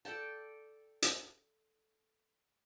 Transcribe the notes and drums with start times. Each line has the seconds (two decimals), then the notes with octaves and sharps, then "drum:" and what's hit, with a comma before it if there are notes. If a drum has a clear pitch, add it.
0.05 A4 D5 G5 A5
1.02 drum: hi-hat